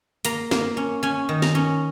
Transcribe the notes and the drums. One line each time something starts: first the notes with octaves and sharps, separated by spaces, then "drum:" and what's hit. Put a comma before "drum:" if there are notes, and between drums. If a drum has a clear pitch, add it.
A#3 A#5, drum: hi-hat
A#3, drum: snare
C#4
C#4 G#5
D#3
A#5, drum: snare
C#4